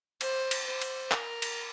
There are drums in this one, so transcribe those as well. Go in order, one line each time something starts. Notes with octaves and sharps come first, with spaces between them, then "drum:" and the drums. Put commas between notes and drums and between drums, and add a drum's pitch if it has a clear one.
C5, drum: cymbal
drum: cymbal
C5
drum: cymbal
A#4, drum: clap
drum: cymbal